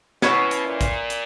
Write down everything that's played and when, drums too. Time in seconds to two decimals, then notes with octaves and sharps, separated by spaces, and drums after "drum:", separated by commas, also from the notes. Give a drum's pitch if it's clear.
0.22 B2 C#4 E4 B4, drum: snare
0.51 drum: hi-hat
0.66 A#2
0.81 drum: kick A1, hi-hat
1.10 drum: hi-hat